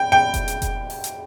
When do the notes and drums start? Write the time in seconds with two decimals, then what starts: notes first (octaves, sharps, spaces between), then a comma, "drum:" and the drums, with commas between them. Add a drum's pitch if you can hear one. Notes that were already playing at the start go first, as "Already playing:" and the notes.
Already playing: G5
0.12 G5
0.34 drum: kick F1, hi-hat
0.48 drum: hi-hat
0.62 drum: kick F1, hi-hat
0.90 drum: open hi-hat
1.04 drum: hi-hat